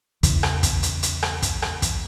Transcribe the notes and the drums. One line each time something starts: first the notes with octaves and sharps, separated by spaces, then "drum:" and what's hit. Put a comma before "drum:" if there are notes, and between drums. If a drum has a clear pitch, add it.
E2 C#3 E3, drum: kick, hi-hat
drum: rim click
drum: kick, hi-hat
drum: hi-hat
drum: hi-hat
drum: rim click
drum: kick, hi-hat
drum: rim click
drum: kick, hi-hat